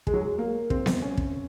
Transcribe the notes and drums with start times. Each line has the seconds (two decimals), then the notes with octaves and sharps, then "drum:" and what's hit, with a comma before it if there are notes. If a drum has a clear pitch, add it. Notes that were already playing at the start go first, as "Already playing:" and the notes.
0.07 G#3, drum: kick
0.13 F#3
0.21 G#3
0.38 A#3
0.70 C4, drum: kick
0.86 drum: snare B3
1.02 C#4
1.17 drum: kick